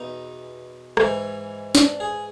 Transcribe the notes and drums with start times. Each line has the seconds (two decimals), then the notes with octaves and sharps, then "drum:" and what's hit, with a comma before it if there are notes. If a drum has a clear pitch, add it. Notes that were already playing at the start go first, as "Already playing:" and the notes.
Already playing: E2 B2 D#4
0.97 G#2 E3, drum: rim click
1.75 D4, drum: snare
2.00 G#4